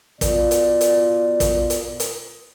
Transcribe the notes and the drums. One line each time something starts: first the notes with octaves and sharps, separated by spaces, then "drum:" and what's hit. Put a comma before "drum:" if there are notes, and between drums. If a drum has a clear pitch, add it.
B2 F4 D5, drum: kick, hi-hat
drum: hi-hat
drum: hi-hat
drum: kick, hi-hat
drum: hi-hat
drum: hi-hat